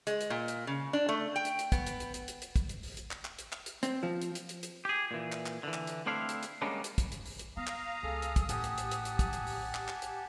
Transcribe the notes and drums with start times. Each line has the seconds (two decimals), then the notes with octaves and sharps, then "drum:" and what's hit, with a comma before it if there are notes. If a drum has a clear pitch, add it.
0.07 G#3, drum: hi-hat
0.21 drum: hi-hat
0.30 A#2
0.48 drum: hi-hat
0.67 C#3
0.93 D4
1.09 A3
1.36 G5
1.45 drum: hi-hat
1.59 drum: hi-hat
1.72 B3, drum: kick, hi-hat
1.86 drum: hi-hat
2.00 drum: hi-hat
2.14 drum: hi-hat
2.28 drum: hi-hat
2.42 drum: hi-hat
2.56 drum: kick, hi-hat
2.69 drum: hi-hat
2.83 drum: open hi-hat
2.97 drum: hi-hat
3.11 drum: clap
3.25 drum: clap
3.39 drum: hi-hat
3.52 drum: clap
3.66 drum: hi-hat
3.83 C4, drum: hi-hat
4.03 F3
4.21 drum: hi-hat
4.35 drum: hi-hat
4.49 drum: hi-hat
4.63 drum: hi-hat
4.85 G4 G#4
5.11 A#2 E3
5.32 drum: clap
5.46 drum: clap
5.63 D3 E3
5.74 drum: clap
5.87 drum: hi-hat
6.06 A3 C4 D4 E4 F5
6.29 drum: hi-hat
6.43 drum: hi-hat
6.62 G3 G#3 A#3 B3 C#4 D4
6.84 drum: hi-hat
6.98 drum: kick, hi-hat
7.12 drum: hi-hat
7.26 drum: open hi-hat
7.39 drum: hi-hat
7.57 B3 F5 A#5 D#6
7.67 drum: clap
8.03 C#2 G#4 A4 F6
8.22 drum: hi-hat
8.36 drum: kick, hi-hat
8.49 A1 G4 F#5 G#5 A5, drum: hi-hat
8.64 drum: hi-hat
8.78 drum: hi-hat
8.91 drum: hi-hat
9.05 drum: hi-hat
9.19 drum: kick, hi-hat
9.33 drum: hi-hat
9.47 drum: open hi-hat
9.74 drum: clap
9.88 drum: clap
10.02 drum: hi-hat